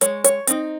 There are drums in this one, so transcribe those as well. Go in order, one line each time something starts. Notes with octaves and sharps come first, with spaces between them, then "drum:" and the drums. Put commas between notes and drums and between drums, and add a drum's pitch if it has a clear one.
G#3 C#5, drum: hi-hat
C#5, drum: hi-hat
C4 D#4, drum: hi-hat